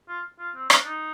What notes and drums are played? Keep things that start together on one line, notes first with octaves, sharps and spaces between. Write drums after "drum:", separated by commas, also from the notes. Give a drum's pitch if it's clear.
F4
F4
C4
D4, drum: rim click
D#4